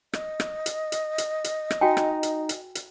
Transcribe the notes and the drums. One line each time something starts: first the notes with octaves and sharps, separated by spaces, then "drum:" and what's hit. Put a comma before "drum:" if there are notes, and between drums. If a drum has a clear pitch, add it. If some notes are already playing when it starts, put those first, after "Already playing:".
D#5, drum: rim click
drum: rim click
drum: hi-hat
drum: hi-hat
drum: hi-hat
drum: hi-hat
drum: rim click
D#4 F#4 G5 G#5
drum: rim click
drum: hi-hat
drum: hi-hat
drum: hi-hat